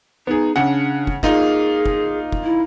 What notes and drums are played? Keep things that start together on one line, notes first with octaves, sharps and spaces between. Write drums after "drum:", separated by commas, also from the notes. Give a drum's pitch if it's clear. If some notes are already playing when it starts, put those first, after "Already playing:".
B3 D#4 G#4
C#3 D4 F#5
drum: kick
A#3 D#4 F4 G#4, drum: kick
drum: kick
drum: kick
E4